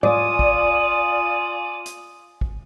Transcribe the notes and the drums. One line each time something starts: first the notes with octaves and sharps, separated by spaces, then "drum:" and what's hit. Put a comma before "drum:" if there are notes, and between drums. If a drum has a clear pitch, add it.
F4 D5 G#5 D#6, drum: tom G#2
drum: kick
drum: hi-hat
drum: kick